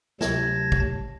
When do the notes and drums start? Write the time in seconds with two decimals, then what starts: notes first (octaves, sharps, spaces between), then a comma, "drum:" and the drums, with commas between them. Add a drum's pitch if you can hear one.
0.21 D2 C3 F#3 A5 G#6 A#6, drum: snare
0.72 drum: kick